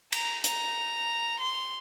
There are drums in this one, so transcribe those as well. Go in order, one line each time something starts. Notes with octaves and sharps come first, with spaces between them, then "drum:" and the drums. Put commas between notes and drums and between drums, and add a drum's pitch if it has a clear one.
A#5, drum: cymbal
A#5, drum: hi-hat
C6